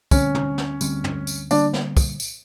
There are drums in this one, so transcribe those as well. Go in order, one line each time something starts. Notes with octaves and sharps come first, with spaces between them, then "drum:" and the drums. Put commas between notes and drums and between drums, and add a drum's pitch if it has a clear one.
D2 D3 G3 C4 C#4, drum: kick, tambourine
drum: tom
drum: snare
D2 D3 G3 C4, drum: tambourine
drum: tom
drum: tambourine
D3 G3 A#3 D4, drum: tambourine
drum: snare
drum: kick, tambourine
drum: tambourine